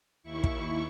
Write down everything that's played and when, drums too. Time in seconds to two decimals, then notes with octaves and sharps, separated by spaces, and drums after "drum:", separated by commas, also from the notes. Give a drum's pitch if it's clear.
0.23 D#2 E4 C#6
0.44 drum: kick